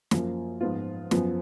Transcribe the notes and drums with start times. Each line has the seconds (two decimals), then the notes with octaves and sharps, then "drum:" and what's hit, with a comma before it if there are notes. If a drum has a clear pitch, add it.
0.11 F#2 F3 A#3, drum: snare
0.61 G#2 F3 B3 F4
1.11 F#2 F3 B3, drum: snare